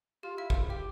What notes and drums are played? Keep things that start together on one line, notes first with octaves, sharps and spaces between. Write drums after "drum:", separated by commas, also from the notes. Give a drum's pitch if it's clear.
F4 G4
E4 F5
F4, drum: kick
F5
G4 F5